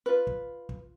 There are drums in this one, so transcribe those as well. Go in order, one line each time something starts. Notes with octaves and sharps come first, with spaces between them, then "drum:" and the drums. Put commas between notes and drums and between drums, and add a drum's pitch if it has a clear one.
F4 B4
drum: kick
drum: kick